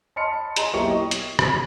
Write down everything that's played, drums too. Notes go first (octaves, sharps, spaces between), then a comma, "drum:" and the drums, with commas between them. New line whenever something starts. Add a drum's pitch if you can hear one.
D#5 A5 B5 C6 F6 C#7
G#4 D#5 A#5 C6, drum: hi-hat
B1 A#3 E4 G4 C#6 C#7
D#5
drum: hi-hat
drum: rim click